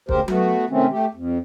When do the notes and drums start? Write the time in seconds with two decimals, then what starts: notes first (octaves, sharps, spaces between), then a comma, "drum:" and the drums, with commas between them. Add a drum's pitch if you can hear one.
0.09 D2 C#3 G4 A#4 C5, drum: kick
0.28 A3 B3 F#4, drum: tom F#3
0.70 C3 D#3 A3 C4 C#4
0.91 A3 G4
1.15 F2